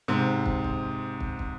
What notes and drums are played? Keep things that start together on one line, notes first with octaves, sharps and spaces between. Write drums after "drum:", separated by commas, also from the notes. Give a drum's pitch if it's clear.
G#2 C3
drum: kick
drum: kick
drum: kick
drum: kick